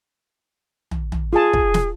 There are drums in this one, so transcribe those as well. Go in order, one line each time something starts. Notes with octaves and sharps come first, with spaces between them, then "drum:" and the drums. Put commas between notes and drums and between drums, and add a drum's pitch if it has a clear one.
drum: tom
drum: tom
F4 G#4 A5
drum: kick
drum: snare